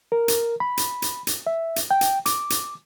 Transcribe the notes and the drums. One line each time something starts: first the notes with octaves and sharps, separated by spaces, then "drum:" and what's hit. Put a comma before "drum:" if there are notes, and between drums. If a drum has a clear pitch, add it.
A#4
drum: hi-hat
B5
drum: hi-hat
drum: hi-hat
drum: hi-hat
E5
drum: hi-hat
G5
drum: hi-hat
D6, drum: hi-hat
drum: hi-hat